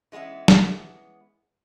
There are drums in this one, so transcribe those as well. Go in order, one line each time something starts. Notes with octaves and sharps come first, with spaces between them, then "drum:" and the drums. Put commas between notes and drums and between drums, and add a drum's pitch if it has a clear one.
E3 G#3 B3 C#4 E5
drum: snare